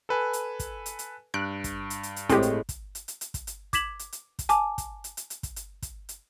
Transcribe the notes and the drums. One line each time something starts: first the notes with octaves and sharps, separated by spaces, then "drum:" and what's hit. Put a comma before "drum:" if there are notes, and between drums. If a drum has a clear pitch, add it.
A4 B4 G#5
drum: hi-hat
drum: kick, hi-hat
drum: hi-hat
drum: hi-hat
G2 F#6 D7
drum: kick, hi-hat
drum: hi-hat
drum: hi-hat
drum: hi-hat
A2 G#3 C4 G4, drum: kick, hi-hat
drum: hi-hat
drum: kick, hi-hat
drum: hi-hat
drum: hi-hat
drum: hi-hat
drum: kick, hi-hat
drum: hi-hat
D6 G#6 B6 E7 F#7, drum: kick, hi-hat
drum: hi-hat
drum: hi-hat
drum: kick, hi-hat
G#5 A5 D6, drum: hi-hat
drum: kick, hi-hat
drum: hi-hat
drum: hi-hat
drum: hi-hat
drum: kick, hi-hat
drum: hi-hat
drum: kick, hi-hat
drum: hi-hat